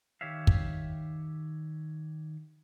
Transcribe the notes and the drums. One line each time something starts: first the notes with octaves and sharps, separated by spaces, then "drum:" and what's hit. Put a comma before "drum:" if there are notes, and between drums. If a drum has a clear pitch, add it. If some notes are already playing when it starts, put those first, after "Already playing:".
D#3 G4 C#5 E5 F5
drum: kick